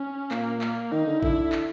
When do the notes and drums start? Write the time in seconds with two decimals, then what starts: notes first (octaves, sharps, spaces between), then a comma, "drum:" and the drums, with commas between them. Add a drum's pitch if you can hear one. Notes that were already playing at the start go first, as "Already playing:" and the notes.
Already playing: C#4
0.31 A#2 A#3, drum: clap
0.61 A#3, drum: clap
0.92 D#3 D#4
1.07 D3
1.23 D3 E4, drum: kick A1
1.52 drum: clap